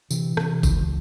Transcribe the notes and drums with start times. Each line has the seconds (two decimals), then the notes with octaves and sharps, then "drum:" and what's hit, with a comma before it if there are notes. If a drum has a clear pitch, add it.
0.11 C3 E3, drum: tambourine
0.37 C3, drum: rim click
0.63 C#2, drum: kick G1, tambourine